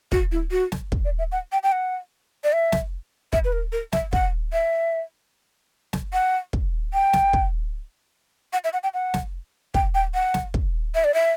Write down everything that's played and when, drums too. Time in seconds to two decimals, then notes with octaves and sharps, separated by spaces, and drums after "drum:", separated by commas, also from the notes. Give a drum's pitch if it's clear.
0.12 F#4, drum: kick
0.32 E4
0.51 F#4
0.72 drum: snare
0.92 drum: kick
1.05 D5
1.19 E5
1.32 F#5
1.52 G5
1.63 G5
1.72 F#5
2.44 D5
2.53 E5
2.72 drum: snare
3.33 E5, drum: kick
3.44 B4
3.53 A#4
3.72 A#4
3.93 E5, drum: snare
4.13 F#5, drum: kick
4.53 E5
5.93 drum: snare
6.13 F#5
6.53 drum: kick
6.93 G5
7.13 drum: snare
7.33 drum: kick
8.53 F#5
8.64 E5
8.73 F#5
8.83 G5
8.94 F#5
9.14 drum: snare
9.74 G5, drum: kick
9.95 G5
10.14 F#5
10.34 drum: snare
10.54 drum: kick
10.95 E5
11.04 D5
11.14 E5